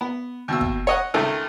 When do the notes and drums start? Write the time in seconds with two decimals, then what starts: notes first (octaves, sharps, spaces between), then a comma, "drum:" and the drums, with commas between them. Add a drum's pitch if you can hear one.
0.01 B3
0.48 D#2 B2 E6
0.61 drum: kick
0.87 C#5 D#5 F#5
1.14 C#2 A2 D#3 A3